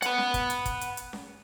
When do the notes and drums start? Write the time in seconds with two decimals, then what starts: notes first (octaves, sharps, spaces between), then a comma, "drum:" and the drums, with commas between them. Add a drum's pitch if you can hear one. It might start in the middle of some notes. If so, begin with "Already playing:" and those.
0.02 F#5 B5, drum: hi-hat
0.18 drum: snare C#4
0.34 drum: kick, hi-hat
0.50 drum: hi-hat
0.66 drum: kick, hi-hat
0.81 drum: hi-hat
0.97 drum: hi-hat
1.13 drum: snare C#4